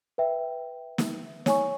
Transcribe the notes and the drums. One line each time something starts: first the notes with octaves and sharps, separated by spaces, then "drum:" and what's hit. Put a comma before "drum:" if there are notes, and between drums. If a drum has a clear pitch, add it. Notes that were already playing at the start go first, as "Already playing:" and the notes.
B4 E5 G5
drum: snare
C#5 G#5 C#6, drum: snare